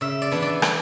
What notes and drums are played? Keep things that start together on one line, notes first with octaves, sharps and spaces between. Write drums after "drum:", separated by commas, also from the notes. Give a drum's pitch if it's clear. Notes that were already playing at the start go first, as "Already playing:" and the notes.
C#3 E5
D5
E3 B3 D4
D5
drum: rim click